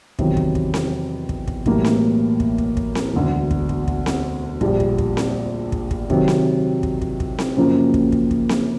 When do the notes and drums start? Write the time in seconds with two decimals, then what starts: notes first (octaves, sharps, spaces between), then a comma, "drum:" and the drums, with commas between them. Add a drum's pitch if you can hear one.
0.19 E2 C3 D#3 F#3, drum: kick
0.37 drum: kick
0.55 drum: kick
0.74 drum: snare C4
1.29 drum: kick
1.48 drum: kick
1.66 B1 A2 E3 G3 A#3, drum: kick
1.84 drum: snare C4
2.40 drum: kick
2.58 drum: kick
2.77 drum: kick
2.95 drum: snare C4
3.13 E1 D2 D3
3.51 drum: kick
3.69 drum: kick
3.88 drum: kick
4.06 drum: snare C4
4.61 A#1 A#2 G3, drum: kick
4.80 drum: kick
4.98 drum: kick
5.17 drum: snare C4
5.72 drum: kick
5.91 drum: kick
6.10 C3 D#3 F#3, drum: kick
6.28 drum: snare C4
6.83 drum: kick
7.02 drum: kick
7.20 drum: kick
7.39 drum: snare C4
7.56 F#2 C#3 F3 A#3
7.94 drum: kick
8.12 drum: kick
8.31 drum: kick
8.49 drum: snare C4